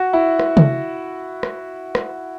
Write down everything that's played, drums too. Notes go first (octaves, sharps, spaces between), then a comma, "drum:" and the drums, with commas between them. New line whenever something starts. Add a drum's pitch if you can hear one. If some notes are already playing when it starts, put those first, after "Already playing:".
Already playing: F#4
E4
drum: rim click
drum: tom
drum: rim click
drum: rim click